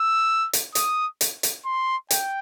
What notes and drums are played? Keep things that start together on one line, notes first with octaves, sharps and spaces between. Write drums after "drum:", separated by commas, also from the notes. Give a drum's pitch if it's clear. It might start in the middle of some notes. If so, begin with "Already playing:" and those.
Already playing: E6
drum: hi-hat
D#6, drum: hi-hat
drum: hi-hat
drum: hi-hat
C6
G5, drum: hi-hat